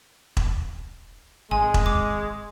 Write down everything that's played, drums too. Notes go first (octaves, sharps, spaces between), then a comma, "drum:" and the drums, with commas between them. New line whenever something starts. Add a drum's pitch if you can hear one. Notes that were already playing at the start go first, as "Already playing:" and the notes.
drum: kick E1
G#1 G#3 G#5
drum: kick E1
D6